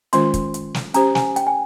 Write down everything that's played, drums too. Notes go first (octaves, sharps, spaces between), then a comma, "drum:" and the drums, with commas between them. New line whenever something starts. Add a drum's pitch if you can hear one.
D#3 G#3 C#4 F4 C5 C6, drum: hi-hat
drum: kick, hi-hat
drum: hi-hat
drum: snare
C#4 G4 C5 A#5, drum: hi-hat
G#5, drum: snare
G5, drum: hi-hat
G#5